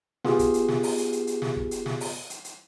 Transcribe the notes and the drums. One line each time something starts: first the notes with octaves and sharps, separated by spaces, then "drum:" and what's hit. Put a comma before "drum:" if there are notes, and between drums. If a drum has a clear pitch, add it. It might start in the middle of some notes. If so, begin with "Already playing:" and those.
B3 F4 G4 G#4, drum: snare
drum: kick, hi-hat
drum: hi-hat
drum: snare
drum: open hi-hat
drum: hi-hat
drum: hi-hat
drum: hi-hat
drum: snare
drum: kick
drum: hi-hat
drum: snare
drum: open hi-hat
drum: hi-hat
drum: hi-hat